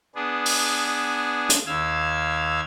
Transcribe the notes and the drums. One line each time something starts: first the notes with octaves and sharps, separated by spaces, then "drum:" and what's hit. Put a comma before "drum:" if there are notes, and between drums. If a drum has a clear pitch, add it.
B3 D4 G#4
drum: open hi-hat
drum: hi-hat
D#2 F5 E6 G#6